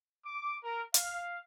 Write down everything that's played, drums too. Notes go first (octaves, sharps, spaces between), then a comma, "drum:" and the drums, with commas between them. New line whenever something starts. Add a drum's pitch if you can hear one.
D6
A#4
F5, drum: hi-hat